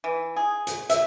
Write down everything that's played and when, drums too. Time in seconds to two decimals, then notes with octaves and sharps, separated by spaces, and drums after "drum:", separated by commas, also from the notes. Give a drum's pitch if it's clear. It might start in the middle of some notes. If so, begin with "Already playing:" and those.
0.04 E3
0.36 G#4
0.67 drum: hi-hat
0.90 E5, drum: hi-hat